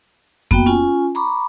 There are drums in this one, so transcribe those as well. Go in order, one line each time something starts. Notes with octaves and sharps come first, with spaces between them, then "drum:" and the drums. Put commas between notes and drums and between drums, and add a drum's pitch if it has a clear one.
A#3 B3 F#4 G5, drum: kick F2
C#4 F4 G#5
A#5 B5 C#6 D6